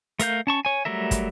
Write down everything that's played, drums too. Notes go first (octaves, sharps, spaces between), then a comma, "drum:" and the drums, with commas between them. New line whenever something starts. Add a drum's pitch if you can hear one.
A3 A#4 F5 G6, drum: hi-hat
C#4 A5 C#6
C#5 G#5
F#3 G3 A3 A#4 E5
drum: kick, hi-hat